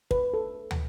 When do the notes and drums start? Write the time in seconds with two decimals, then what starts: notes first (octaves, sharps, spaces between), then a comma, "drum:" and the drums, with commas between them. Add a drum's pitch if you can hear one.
0.11 B4, drum: kick
0.34 A4
0.71 drum: tom